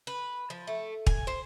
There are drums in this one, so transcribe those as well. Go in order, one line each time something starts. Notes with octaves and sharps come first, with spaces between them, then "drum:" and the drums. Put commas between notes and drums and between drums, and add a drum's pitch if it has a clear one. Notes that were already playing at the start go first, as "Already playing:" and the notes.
B4
F3
A3
G#5, drum: kick
C5